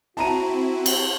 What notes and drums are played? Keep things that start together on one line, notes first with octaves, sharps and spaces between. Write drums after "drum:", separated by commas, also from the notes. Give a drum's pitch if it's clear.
C4 E4 F#4 A5 A#5 D#7
drum: cymbal